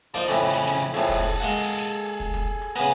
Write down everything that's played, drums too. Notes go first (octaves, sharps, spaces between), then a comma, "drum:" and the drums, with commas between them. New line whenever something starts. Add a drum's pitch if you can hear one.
F3 A#3 D#4 D5
F2 A2 C#3 E3
drum: hi-hat
drum: snare
drum: snare
F2 A2 G#4 A4, drum: hi-hat
drum: kick
drum: kick, hi-hat
G#3 A#3 F#5
drum: hi-hat
drum: snare
drum: snare
drum: hi-hat
drum: kick
drum: kick, hi-hat
drum: hi-hat
C#3 B3 A#4 G#5, drum: snare